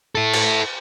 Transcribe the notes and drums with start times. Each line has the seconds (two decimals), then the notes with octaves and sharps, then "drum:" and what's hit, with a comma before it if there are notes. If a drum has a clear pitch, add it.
0.15 E4 A4
0.33 drum: cymbal